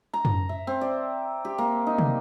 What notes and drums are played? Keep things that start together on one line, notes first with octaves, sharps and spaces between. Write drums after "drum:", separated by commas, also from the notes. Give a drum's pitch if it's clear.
A#5
drum: tom F#2
E5
C4
D5
G4
A#3
D#4
drum: tom